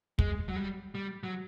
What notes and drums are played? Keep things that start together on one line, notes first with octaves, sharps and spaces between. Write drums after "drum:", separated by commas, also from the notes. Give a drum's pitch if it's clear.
G#3, drum: kick
F#3
G3
G3
F#3